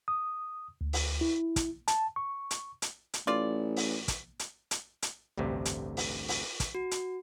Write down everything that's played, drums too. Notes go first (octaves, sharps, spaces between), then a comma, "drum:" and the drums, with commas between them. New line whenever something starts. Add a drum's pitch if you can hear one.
D#6
D2
drum: open hi-hat
E4
drum: kick, hi-hat
A5, drum: hi-hat
C#6
drum: hi-hat
drum: hi-hat
drum: hi-hat
A1 F4 D5
drum: open hi-hat
drum: kick, hi-hat
drum: hi-hat
drum: hi-hat
drum: hi-hat
A1 D2 G2 C3
drum: hi-hat
drum: open hi-hat
drum: open hi-hat
drum: kick, hi-hat
F#4
drum: hi-hat